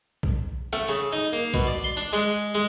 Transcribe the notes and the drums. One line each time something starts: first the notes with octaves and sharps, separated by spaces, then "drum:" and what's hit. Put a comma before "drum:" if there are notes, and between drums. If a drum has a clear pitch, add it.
drum: kick B1
A3, drum: rim click
C#3
D#4
A#3
B2, drum: kick B1
D5
C6
D4
G#3
G#3